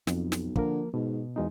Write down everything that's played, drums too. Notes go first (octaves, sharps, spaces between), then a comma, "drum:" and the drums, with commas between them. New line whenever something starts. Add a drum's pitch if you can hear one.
B1 F2, drum: snare
drum: snare
D3 F3 A#3 A#4, drum: kick
G#2 B2
E2 B2 G#3 D#4